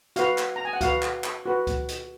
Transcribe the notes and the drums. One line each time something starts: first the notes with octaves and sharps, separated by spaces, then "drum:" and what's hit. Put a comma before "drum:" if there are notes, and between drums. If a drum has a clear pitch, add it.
F#4 B4 F5, drum: hi-hat
drum: clap
A#5
G#5
F#5
F#4 B4 F5, drum: kick C#2, hi-hat
drum: clap
drum: clap
F#4 B4
drum: kick C#2, hi-hat
drum: hi-hat